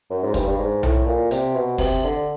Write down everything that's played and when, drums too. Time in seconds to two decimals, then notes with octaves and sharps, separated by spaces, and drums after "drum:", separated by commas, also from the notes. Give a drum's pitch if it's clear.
0.10 F#2
0.23 G#2
0.34 G2, drum: kick, hi-hat
0.47 G2
0.58 G#2
0.83 A2, drum: tom B1
1.06 A#2
1.31 C3, drum: hi-hat
1.55 B2
1.78 C3, drum: kick, open hi-hat
2.04 D3